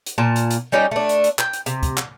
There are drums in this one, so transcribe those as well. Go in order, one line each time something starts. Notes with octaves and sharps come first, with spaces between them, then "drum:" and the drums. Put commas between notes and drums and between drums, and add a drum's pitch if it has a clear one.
drum: hi-hat
A#2 F4 A5
drum: hi-hat
drum: hi-hat
G3 C#4 D#4 G4
A3 D4
drum: hi-hat
drum: hi-hat
G5, drum: clap
drum: hi-hat
C3, drum: hi-hat
drum: kick, hi-hat
drum: clap